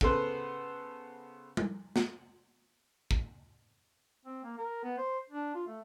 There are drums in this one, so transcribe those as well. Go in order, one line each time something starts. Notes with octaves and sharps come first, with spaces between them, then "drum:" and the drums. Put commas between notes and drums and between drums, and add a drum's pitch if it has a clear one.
C#3 B3 A4 B4 C5, drum: kick
drum: tom G3
drum: snare
drum: kick
C4
A#3
A#4
B3
C5
D4
F4
A3